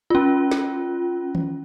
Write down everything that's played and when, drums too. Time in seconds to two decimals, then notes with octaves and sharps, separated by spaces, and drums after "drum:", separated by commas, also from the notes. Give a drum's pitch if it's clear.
0.10 C#4 F4
0.51 drum: snare
1.35 drum: tom D#3